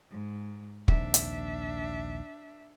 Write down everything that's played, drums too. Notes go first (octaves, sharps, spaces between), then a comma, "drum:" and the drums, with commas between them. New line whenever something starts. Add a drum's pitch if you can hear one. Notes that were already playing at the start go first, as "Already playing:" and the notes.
G#2
A#1 D#2 C3 D4 E5, drum: kick
drum: hi-hat